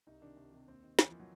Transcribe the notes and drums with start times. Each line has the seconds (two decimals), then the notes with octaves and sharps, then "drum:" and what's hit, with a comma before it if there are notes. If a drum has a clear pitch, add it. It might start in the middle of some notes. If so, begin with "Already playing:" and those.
0.07 C2 D#4
0.22 C3 D#3 D4
0.37 C2
0.52 C3 D#3
0.68 D#2 C4
0.83 D#3
0.99 D#2 E3, drum: snare
1.09 D#3 F3
1.20 F#3